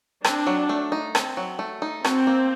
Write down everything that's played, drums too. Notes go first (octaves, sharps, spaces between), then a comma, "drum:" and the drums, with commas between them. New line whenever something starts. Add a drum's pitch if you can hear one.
C4 D4, drum: rim click
F#3
A3
D#4
C4, drum: rim click
F#3
A3
D#4
C4 F#4, drum: rim click
A#3